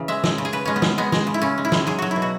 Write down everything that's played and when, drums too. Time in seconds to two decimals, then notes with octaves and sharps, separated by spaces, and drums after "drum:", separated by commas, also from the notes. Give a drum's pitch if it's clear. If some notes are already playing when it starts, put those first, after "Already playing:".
Already playing: C#3 E3
0.08 G#3 E5
0.24 G#3, drum: snare
0.38 C#3
0.45 G#4
0.53 C#3 B4
0.66 G#3 C#4
0.76 B3
0.82 G#3, drum: snare
0.98 G#3 B3
1.12 G#3, drum: snare
1.27 C#3
1.34 E4
1.42 C#3 C#4
1.58 G#3
1.65 E4
1.72 G#3, drum: snare
1.87 F#3 G#4
1.99 F#3 F#4
2.11 E4
2.16 B2
2.22 F#4